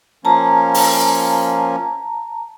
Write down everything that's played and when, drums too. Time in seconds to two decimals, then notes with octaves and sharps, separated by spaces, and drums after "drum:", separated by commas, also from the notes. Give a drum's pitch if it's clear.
0.25 F3 A#3 C#4 A5 A#5
0.74 drum: open hi-hat